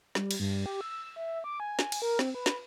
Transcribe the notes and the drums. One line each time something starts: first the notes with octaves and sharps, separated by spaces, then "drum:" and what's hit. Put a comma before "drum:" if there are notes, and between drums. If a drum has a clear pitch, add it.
G3, drum: snare
drum: cymbal
G2
G4
E6
E5
D6
G#5
drum: snare
drum: cymbal
A#4
C4, drum: snare
B4
drum: snare